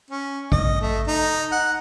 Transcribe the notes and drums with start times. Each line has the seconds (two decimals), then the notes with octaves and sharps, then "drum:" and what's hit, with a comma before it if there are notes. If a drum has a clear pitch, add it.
0.10 C#4
0.52 D#5, drum: kick A1
0.81 A3
1.07 D#4
1.52 F#5